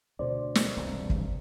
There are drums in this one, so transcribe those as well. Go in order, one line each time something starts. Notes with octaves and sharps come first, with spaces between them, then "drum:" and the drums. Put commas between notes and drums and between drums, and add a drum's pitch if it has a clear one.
D2 B2 C5 D5
drum: snare
E1 C2 G2
drum: kick